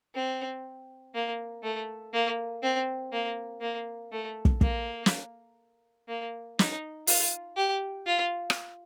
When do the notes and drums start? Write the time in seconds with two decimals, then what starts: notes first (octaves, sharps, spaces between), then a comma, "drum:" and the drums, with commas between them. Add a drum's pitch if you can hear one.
0.15 C4
1.15 A#3
1.63 A3
2.13 A#3
2.63 C4
3.12 A#3
3.61 A#3
4.12 A3
4.45 drum: kick
4.61 A#3, drum: kick
5.06 drum: snare
6.08 A#3
6.59 D#4, drum: snare
7.07 F4, drum: open hi-hat
7.57 G4
8.06 F4
8.50 drum: rim click